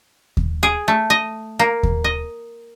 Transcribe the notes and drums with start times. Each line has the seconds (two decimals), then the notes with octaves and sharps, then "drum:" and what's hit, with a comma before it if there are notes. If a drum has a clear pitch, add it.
0.37 drum: kick D#2
0.63 G#4
0.88 A3
1.10 D#5
1.59 A#3
1.83 drum: kick D#2
2.04 D#5